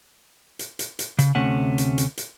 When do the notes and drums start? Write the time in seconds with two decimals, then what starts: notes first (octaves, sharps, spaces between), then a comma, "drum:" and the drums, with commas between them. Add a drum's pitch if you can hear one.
0.59 drum: hi-hat
0.79 drum: hi-hat
0.99 drum: hi-hat
1.19 C#3, drum: hi-hat
1.35 D2 C3 A3 C#4 F#5
1.78 drum: hi-hat
1.98 drum: hi-hat
2.17 drum: hi-hat